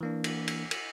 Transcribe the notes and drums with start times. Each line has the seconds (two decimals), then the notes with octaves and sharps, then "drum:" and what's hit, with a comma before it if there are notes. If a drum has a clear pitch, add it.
0.01 E3 A#3 D4
0.24 drum: cymbal
0.48 drum: cymbal
0.71 drum: cymbal